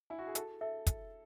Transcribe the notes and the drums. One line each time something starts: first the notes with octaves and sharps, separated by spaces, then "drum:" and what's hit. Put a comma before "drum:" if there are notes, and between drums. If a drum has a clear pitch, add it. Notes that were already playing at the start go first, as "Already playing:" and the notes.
E4 G#5
F#4
G#4
A4 A5, drum: hi-hat
A4 E5
drum: kick, hi-hat